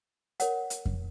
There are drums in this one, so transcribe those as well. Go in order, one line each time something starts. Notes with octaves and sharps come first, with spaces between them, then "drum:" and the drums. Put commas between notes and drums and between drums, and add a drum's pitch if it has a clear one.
A#4 C#5 F#5, drum: hi-hat
drum: hi-hat
drum: kick F2